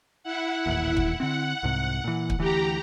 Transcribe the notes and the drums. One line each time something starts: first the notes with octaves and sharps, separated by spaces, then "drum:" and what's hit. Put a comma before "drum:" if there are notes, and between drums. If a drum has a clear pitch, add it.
E4 F#5
D#1 A1 D#2
drum: kick
D3 C4 F#5
C2 G#2 C3
A#2 E3
drum: kick
D2 E3 G4 A#5